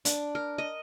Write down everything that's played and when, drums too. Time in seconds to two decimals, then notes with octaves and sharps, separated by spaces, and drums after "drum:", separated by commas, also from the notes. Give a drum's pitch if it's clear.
0.05 D4, drum: hi-hat
0.35 A#4
0.58 D#5